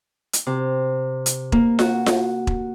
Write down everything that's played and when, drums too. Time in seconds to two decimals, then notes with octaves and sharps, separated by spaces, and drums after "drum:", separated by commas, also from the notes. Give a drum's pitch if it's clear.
0.33 drum: hi-hat
0.47 C3
1.26 drum: hi-hat
1.52 A#3, drum: kick E1
1.79 F#4, drum: snare F4
2.06 drum: snare F4
2.47 drum: kick E1